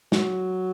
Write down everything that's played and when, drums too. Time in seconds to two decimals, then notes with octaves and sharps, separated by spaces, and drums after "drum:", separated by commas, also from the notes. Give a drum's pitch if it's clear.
0.12 F#3, drum: snare